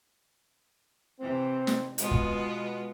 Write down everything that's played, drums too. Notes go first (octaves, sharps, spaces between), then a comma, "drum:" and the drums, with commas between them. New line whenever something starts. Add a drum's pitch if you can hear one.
C3 E3 C4
drum: snare
B2 G#3 B3 F4, drum: hi-hat
drum: kick